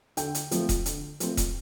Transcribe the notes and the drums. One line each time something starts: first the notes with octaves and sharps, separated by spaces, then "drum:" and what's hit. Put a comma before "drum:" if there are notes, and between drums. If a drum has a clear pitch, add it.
D3 G5, drum: hi-hat
drum: hi-hat
F3 A3 C4, drum: hi-hat
drum: kick D#1, hi-hat
D3, drum: hi-hat
F3 A3 C4, drum: hi-hat
drum: kick D#1, hi-hat